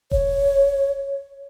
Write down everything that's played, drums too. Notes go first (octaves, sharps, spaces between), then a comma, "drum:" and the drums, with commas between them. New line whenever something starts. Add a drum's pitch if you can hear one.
C#5, drum: kick E1